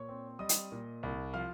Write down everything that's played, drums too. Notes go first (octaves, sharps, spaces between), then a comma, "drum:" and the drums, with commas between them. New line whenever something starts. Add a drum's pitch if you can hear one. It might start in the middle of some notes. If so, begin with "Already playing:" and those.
Already playing: A#2 C#5 C#6
C4
G3 D#5 D#6
drum: hi-hat
A#2
C2
F3 F5 F6